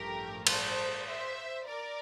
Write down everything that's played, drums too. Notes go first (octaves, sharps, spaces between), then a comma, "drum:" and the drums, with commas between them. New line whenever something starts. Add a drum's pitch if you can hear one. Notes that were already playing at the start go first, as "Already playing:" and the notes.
Already playing: A1 G2 F3 A3 G4 A#4
A4 C5, drum: cymbal
C5 E5
A#4 D5